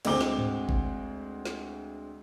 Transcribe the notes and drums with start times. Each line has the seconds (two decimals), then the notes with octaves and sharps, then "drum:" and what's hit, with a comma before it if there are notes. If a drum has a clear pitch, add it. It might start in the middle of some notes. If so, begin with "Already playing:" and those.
0.05 D2 G#3 C4 D6 G7, drum: cymbal
0.21 drum: snare
0.38 drum: tom G#2
0.69 drum: kick G#1
1.45 drum: snare